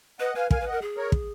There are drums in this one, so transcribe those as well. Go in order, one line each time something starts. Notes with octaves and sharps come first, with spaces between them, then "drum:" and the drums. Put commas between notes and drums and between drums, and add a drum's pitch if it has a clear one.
B4 D#5 F#5
B4 F5 G#5
A#4 F5 G#5, drum: kick
B4
D#5 F#5
A#4
G#4
A#4 C#5
drum: kick